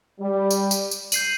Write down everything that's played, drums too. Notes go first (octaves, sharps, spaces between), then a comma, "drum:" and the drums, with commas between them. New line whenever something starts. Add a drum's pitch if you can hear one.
G3
drum: tambourine
drum: tambourine
drum: tambourine
G6 C7 D#7 F#7, drum: tambourine